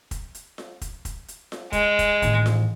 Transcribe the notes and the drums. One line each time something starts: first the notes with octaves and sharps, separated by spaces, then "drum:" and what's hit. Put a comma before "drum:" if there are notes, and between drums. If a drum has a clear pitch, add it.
drum: kick, hi-hat
drum: hi-hat
drum: snare F4
drum: kick, hi-hat
drum: kick, hi-hat
drum: hi-hat
drum: snare F4
G#3, drum: kick, hi-hat
drum: kick, hi-hat
A1 D#3, drum: hi-hat
drum: snare F4